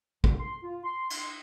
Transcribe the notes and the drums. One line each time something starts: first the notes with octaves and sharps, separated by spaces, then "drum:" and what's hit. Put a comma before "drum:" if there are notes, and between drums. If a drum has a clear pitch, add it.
C2, drum: kick
C6
F4
C6
C6, drum: cymbal